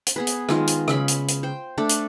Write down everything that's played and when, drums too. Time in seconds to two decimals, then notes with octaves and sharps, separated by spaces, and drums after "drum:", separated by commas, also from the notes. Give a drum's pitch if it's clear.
0.07 drum: hi-hat
0.16 B3 G#4 B4
0.27 drum: hi-hat
0.49 D#3 G#3 F4, drum: rim click
0.67 drum: hi-hat
0.88 C#3 B5, drum: rim click
1.08 drum: hi-hat
1.28 drum: hi-hat
1.43 C5 G5
1.78 A3 D4 A4
1.89 drum: hi-hat